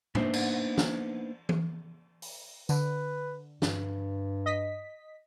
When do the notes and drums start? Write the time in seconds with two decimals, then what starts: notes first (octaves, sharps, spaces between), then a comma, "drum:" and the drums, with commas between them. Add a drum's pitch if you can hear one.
0.15 A#3 B3 D4 D#4 C5 E5, drum: tom
0.33 drum: cymbal
0.78 drum: snare
1.49 drum: tom E3
2.22 drum: open hi-hat
2.69 D3 B4, drum: tambourine
3.62 G2, drum: snare
4.46 D#5 B6